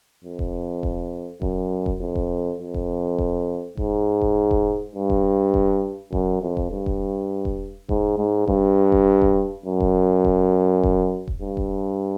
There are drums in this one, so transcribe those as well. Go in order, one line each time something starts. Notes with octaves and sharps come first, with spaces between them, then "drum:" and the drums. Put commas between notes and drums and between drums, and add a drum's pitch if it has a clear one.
F2
drum: kick E1
drum: kick E1
F#2, drum: kick E1
drum: kick E1
F2
drum: kick E1
F2
drum: kick E1
drum: kick E1
G#2, drum: kick E1
drum: kick E1
drum: kick E1
G2
drum: kick E1
drum: kick E1
F#2, drum: kick E1
F2
drum: kick E1
G2
drum: kick E1
drum: kick E1
G#2, drum: kick E1
G#2
G2, drum: kick E1
drum: kick E1
drum: kick E1
F#2
drum: kick E1
drum: kick E1
drum: kick E1
drum: kick E1
G2
drum: kick E1